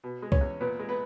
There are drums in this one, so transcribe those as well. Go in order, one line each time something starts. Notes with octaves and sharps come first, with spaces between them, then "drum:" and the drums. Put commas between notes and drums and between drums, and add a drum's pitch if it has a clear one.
B2
G#3
C#4 C#5, drum: kick B1
E2
A#2 B3 B4
G#3
B3 B4